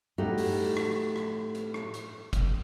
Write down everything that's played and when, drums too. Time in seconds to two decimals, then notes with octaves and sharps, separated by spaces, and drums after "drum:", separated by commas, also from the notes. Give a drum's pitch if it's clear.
0.18 A2 A3 D#4 F#4 G4
0.38 drum: open hi-hat
0.77 drum: rim click
1.16 drum: rim click
1.55 drum: hi-hat
1.74 drum: rim click
1.94 drum: hi-hat
2.33 drum: kick, hi-hat